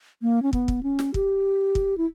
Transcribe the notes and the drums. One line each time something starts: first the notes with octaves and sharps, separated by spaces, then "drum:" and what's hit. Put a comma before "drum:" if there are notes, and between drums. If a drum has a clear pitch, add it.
A#3
C#4
B3, drum: kick
drum: kick
C#4
drum: snare
G4, drum: kick
drum: kick
E4